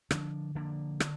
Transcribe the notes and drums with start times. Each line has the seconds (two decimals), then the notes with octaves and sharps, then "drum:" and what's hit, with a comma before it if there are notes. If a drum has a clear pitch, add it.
0.11 D3 F3 D4, drum: rim click
0.55 D3 F3 A#3 D4
1.00 D3, drum: rim click